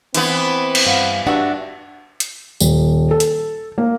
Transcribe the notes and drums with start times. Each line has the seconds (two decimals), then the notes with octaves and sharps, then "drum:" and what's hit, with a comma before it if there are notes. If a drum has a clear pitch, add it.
0.14 E3 B3 C4, drum: hi-hat
0.75 drum: cymbal
0.86 G2 F5 F#5
1.27 G2 D4 F#4 E5
2.20 drum: hi-hat
2.60 D#1, drum: tambourine
3.11 A4
3.20 drum: hi-hat
3.78 A#3